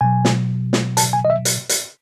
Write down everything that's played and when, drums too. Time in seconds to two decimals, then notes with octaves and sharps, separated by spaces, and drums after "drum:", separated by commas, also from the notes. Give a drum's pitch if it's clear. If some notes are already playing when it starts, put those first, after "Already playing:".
0.01 B2 F#3 G#5
0.25 drum: snare
0.73 drum: snare
0.97 A5, drum: hi-hat
1.13 G#5
1.25 D#5
1.30 E5
1.45 drum: hi-hat
1.69 drum: hi-hat